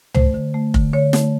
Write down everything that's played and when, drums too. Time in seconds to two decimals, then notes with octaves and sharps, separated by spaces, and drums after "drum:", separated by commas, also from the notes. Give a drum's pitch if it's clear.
0.15 A3 C5, drum: tom C#2
0.34 D3
0.54 A3
0.74 D3, drum: kick F1
0.93 D3 C#5
1.13 A3, drum: snare